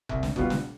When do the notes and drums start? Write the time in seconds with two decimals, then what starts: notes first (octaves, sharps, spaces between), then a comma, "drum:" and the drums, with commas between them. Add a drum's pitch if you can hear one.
0.09 C2, drum: kick F1
0.23 drum: snare
0.36 B2 G3 B3 F4, drum: kick F1
0.50 drum: snare